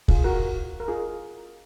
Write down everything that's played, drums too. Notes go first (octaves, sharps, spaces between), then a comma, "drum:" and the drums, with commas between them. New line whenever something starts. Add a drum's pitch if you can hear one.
F4 G#4, drum: kick
F#4 A#4
A#4
F4 G#4